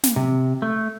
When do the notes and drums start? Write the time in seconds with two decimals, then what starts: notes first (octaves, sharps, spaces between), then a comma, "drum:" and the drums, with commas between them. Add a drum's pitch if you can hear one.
0.03 drum: snare
0.16 C3
0.62 A3